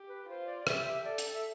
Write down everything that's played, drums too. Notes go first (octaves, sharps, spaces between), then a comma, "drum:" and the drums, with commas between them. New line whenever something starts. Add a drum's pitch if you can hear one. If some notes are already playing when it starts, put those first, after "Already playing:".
Already playing: G4
B4
F4 C5
D5
D5
G4 E5, drum: rim click
E5
A4 D5
drum: hi-hat
E5